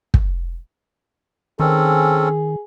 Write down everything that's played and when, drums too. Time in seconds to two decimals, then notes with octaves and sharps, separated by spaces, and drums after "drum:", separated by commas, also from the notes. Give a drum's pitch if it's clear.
0.14 drum: kick
1.60 D#3 C4 C#4 G#4 A4